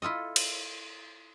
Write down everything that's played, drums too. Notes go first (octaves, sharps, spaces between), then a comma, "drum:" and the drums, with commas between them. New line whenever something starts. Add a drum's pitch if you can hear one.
E4 F4 A4 D#5
drum: cymbal